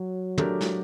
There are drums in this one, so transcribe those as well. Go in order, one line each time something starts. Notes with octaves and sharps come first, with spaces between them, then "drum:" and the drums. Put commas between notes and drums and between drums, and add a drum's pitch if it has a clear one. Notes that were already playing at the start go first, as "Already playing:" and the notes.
Already playing: F#3
A3 D4 G4 A#4, drum: tom
drum: snare